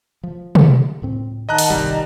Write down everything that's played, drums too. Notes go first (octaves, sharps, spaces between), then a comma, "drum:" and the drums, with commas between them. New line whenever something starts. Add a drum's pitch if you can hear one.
F3
drum: tom
C#2 A2 C4
D#3 D#5 F#5 A5 A#5 F#6
drum: open hi-hat
G1 C2 G3 D#5 A#5